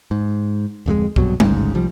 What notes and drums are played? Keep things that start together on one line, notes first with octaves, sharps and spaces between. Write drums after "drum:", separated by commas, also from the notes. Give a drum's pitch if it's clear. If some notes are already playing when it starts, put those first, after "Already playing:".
G#2
D1 F2 F#3 G#3
C2 G2 B2 F#3, drum: kick
A1 D2 G#2 C#3, drum: tom G3
C2 F3 G3